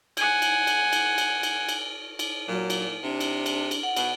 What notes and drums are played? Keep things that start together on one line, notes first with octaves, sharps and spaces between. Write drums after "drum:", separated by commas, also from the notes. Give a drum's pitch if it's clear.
F#5 G#5, drum: cymbal
drum: cymbal
drum: cymbal
drum: cymbal
drum: cymbal
drum: cymbal
drum: cymbal
drum: cymbal
A#2 F#3
drum: cymbal
C3 D4
drum: cymbal
drum: cymbal
drum: cymbal
F#5
B2, drum: cymbal